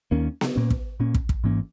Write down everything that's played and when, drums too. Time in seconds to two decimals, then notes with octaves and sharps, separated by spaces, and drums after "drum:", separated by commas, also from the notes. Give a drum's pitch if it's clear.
0.11 D#2 D#3 A#3 C#4
0.41 drum: snare B3
0.56 A#2 A#3 C#4
0.70 drum: kick
1.00 A#2 A#3 C#4
1.14 drum: kick
1.29 drum: kick
1.44 G#2 E3 A#3 C#4